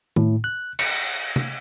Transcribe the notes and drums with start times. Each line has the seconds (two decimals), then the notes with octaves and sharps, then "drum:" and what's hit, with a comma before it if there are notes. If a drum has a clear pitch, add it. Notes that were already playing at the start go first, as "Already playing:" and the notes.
0.16 A2, drum: tom D#3
0.44 F#6
0.79 C#7, drum: cymbal
1.36 drum: tom